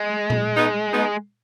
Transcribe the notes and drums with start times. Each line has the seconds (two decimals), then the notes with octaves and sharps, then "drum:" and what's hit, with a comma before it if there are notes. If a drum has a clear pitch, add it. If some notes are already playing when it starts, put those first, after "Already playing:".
Already playing: G#3
0.30 drum: tom A#2
0.55 B3 D#4
0.92 B3 D#4